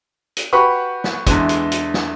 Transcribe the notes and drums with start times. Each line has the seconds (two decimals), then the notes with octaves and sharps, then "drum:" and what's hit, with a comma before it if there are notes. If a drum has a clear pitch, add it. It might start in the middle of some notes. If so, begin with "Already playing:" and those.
0.37 drum: hi-hat
0.53 F#4 G4 B4 B5 C#6
1.04 drum: snare
1.27 E2 D3 E3 G#3, drum: kick, hi-hat
1.49 drum: hi-hat
1.72 drum: hi-hat
1.94 drum: snare